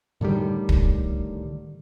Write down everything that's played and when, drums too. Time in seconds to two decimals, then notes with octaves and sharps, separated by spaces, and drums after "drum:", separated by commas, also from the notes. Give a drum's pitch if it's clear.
0.21 A2 D3 D#3 G3
0.69 drum: kick